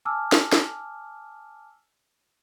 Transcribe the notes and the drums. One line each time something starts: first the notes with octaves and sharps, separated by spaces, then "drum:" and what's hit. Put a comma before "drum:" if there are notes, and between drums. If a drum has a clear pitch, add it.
G#5 A5 D6 E6 F6
drum: snare
drum: snare